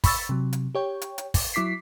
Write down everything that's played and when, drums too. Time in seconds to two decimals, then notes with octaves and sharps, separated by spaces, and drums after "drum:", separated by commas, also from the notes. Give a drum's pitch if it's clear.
0.04 B5 C#6 E6 A6, drum: kick, open hi-hat
0.29 C3 F#3
0.53 drum: hi-hat
0.75 G4 C#5 G5
1.02 drum: hi-hat
1.18 drum: hi-hat
1.34 drum: kick, open hi-hat
1.54 F#3 E4 D6 B6 C7